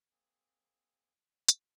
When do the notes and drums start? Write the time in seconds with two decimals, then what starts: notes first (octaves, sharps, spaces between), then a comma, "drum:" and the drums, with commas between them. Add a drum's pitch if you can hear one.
0.11 A#3 C4 G#4
1.48 drum: hi-hat